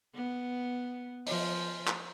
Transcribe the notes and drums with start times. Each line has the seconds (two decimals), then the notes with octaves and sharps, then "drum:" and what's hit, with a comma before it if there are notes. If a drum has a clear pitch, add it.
0.15 B3
1.27 F3, drum: open hi-hat
1.87 drum: clap